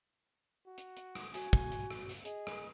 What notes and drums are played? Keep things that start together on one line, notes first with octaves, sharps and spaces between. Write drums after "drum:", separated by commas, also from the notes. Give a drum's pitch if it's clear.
F#4
drum: hi-hat
drum: hi-hat
drum: rim click
F#4 G#5, drum: hi-hat
drum: kick
drum: hi-hat
drum: rim click
drum: hi-hat
G#4 D#5, drum: hi-hat
drum: rim click